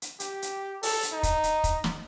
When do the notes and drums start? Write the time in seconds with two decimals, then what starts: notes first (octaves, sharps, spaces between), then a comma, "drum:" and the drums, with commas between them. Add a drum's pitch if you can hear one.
0.02 drum: hi-hat
0.20 G4, drum: hi-hat
0.42 drum: hi-hat
0.83 A4, drum: open hi-hat
1.03 drum: hi-hat
1.13 D#4
1.23 drum: kick, hi-hat
1.43 drum: hi-hat
1.64 drum: kick, hi-hat
1.84 drum: snare